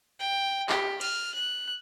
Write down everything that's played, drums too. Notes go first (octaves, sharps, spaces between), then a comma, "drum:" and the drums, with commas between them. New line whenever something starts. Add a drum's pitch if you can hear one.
G5
G4, drum: clap
F6, drum: cymbal
F#6